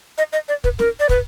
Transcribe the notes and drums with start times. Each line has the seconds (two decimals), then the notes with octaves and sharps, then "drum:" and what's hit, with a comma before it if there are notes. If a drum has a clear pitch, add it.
0.18 D#5
0.33 D#5
0.48 D5
0.64 B4, drum: kick
0.79 A#4, drum: snare
1.00 D5
1.09 B4, drum: kick